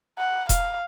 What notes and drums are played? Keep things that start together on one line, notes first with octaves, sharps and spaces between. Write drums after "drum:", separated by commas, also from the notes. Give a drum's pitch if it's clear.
F#5
F5, drum: kick E1, hi-hat